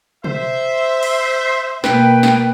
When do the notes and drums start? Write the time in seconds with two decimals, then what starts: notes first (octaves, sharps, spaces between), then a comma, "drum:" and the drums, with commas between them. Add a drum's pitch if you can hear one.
0.24 C5 E5, drum: tom
1.03 drum: cymbal
1.84 B2 A#3 B4 G5, drum: snare
2.23 drum: snare